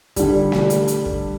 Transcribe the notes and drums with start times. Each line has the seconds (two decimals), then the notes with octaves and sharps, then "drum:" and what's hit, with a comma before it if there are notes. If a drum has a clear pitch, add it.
0.16 D3 G3, drum: kick, hi-hat
0.52 drum: snare
0.70 drum: hi-hat
0.88 drum: hi-hat
1.05 drum: kick